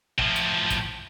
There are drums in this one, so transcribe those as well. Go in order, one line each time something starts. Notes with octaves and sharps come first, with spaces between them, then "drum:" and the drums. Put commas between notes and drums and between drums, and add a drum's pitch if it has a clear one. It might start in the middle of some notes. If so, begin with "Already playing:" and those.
A2 F3, drum: kick
drum: hi-hat
drum: kick, hi-hat